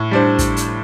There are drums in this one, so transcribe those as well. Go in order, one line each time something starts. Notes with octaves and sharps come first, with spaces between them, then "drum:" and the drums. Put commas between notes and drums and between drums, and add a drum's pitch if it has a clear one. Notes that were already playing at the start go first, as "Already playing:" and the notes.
Already playing: A2
G3 D4 C5
drum: kick, hi-hat
drum: hi-hat